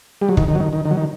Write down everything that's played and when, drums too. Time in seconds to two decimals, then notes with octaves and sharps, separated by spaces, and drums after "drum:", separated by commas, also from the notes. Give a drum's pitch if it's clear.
0.22 G3
0.29 F#3
0.37 D#3, drum: kick
0.48 D#3
0.55 F#3
0.60 D#3
0.73 D#3
0.85 D#3
0.91 F#3
0.97 D#3